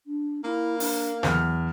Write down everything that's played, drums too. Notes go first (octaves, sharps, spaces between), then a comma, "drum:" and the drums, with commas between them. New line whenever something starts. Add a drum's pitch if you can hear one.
D4
A#3 E4
D4, drum: open hi-hat
E2 F#3 F6, drum: snare